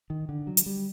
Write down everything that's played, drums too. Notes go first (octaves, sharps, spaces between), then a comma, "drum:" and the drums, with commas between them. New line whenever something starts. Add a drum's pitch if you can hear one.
D#3
D3
F#3
drum: hi-hat
G3